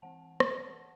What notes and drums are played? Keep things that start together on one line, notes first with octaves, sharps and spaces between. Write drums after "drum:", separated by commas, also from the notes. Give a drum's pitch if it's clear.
E3 C4 F#5 A5
drum: rim click